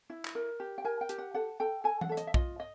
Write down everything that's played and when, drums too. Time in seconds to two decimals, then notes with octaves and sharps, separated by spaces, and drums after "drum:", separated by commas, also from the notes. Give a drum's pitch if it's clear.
0.10 E4
0.25 drum: clap
0.35 A#4
0.60 G4
0.78 G5
0.84 A#4 G#5
1.01 G5
1.09 G4, drum: hi-hat
1.18 F#5
1.34 A4 F#5
1.60 A4 G5
1.84 A4 G#5
2.01 F#5, drum: tom E3
2.09 A4 E5
2.17 D#5, drum: hi-hat
2.27 E5
2.34 F4 D#5, drum: kick
2.60 D#5